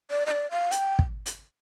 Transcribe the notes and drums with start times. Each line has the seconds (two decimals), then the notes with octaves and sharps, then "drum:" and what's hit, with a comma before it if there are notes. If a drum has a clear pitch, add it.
0.11 D5
0.26 D#5
0.31 D5
0.51 F5
0.71 G5, drum: hi-hat
0.99 drum: kick
1.26 drum: hi-hat